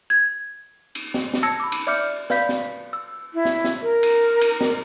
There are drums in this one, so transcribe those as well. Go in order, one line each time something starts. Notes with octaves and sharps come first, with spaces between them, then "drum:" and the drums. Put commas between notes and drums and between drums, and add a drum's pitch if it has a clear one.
G#6
drum: cymbal
drum: snare
drum: snare
A5 E6 G#6 A#6 C#7
B5 D6
drum: cymbal
D5 E5 D6 F6 G6 C#7
B4 D5 F5 B5 G6 B6, drum: snare
drum: snare
E6
E4
drum: snare
drum: snare
A#4
drum: cymbal
drum: cymbal
drum: snare